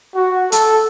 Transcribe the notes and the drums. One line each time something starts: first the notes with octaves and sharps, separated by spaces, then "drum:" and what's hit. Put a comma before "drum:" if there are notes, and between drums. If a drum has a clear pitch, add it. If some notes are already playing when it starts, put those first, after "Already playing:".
F#4
A4, drum: hi-hat